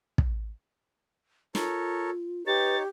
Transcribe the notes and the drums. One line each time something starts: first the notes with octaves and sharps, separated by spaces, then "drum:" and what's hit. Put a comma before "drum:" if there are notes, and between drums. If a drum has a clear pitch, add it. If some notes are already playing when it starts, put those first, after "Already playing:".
drum: kick
F4 A4 A#4 C#5, drum: snare
D#4 G4 B4 C#5 A6